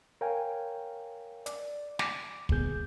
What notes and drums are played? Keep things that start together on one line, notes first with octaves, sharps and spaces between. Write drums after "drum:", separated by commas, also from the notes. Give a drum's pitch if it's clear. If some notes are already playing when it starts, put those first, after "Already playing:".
A#4 C#5 F5 G5 G#5
D5, drum: hi-hat
D6, drum: snare
D2 G2 A#2 B3 G#4 G6, drum: kick